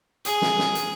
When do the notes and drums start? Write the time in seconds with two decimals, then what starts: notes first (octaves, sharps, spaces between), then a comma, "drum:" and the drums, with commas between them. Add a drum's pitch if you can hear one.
0.25 G#4, drum: hi-hat
0.42 drum: snare
0.58 drum: snare
0.75 drum: hi-hat